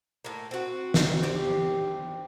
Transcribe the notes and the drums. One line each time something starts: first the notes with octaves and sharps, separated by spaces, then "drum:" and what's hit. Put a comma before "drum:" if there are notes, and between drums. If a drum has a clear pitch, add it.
A2 A#3
C4 F#4
drum: snare
C4 G4